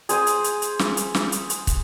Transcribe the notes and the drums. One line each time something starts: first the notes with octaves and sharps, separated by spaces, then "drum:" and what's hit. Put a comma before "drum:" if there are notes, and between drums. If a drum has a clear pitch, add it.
G#4 C5 G#5, drum: hi-hat
drum: hi-hat
drum: hi-hat
drum: hi-hat
drum: snare
drum: hi-hat
drum: snare
drum: hi-hat
drum: hi-hat
drum: kick, hi-hat